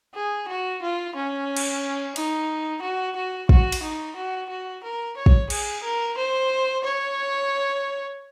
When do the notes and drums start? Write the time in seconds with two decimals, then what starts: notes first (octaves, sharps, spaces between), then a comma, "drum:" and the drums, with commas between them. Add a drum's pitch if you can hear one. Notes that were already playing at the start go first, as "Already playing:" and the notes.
0.15 G#4
0.48 F#4
0.82 F4
1.16 C#4
1.57 drum: cymbal
2.16 D#4, drum: cymbal
2.82 F#4
3.16 F#4
3.49 F#4, drum: kick
3.72 drum: cymbal
3.83 D#4
4.16 F#4
4.50 F#4
4.84 A#4
5.17 C#5
5.26 drum: kick
5.50 G#4, drum: cymbal
5.83 A#4
6.18 C5
6.84 C#5